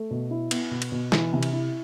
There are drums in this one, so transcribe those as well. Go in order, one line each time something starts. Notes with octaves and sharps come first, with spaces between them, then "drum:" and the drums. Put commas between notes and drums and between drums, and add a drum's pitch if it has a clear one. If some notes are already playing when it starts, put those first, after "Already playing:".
Already playing: A3
B2
E4
B3, drum: cymbal
B2
drum: cymbal
B2
E3, drum: snare
C3
drum: cymbal
E4